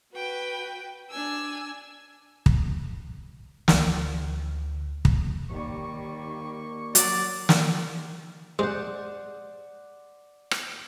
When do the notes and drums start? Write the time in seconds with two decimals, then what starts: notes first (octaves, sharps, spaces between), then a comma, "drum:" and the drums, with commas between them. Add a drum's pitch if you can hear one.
0.13 F#4 B4 G5
1.10 D4 G#5 E6
2.46 drum: kick
3.68 D2 D3, drum: snare
5.05 drum: kick
5.50 D#2 D#3 G3 A#3 C#6
6.95 F#3 D5, drum: hi-hat
7.49 drum: snare
8.59 G#3 C5 D5 F#5
10.51 drum: rim click